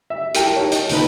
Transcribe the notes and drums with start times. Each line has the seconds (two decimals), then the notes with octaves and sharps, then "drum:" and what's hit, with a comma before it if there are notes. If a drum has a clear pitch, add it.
0.10 E5
0.34 E4 G4 A#4 G5 A5, drum: hi-hat
0.56 D#4 G4 C#5
0.72 D#5 A5, drum: hi-hat
0.89 D#2 A#2 D#4 B4, drum: open hi-hat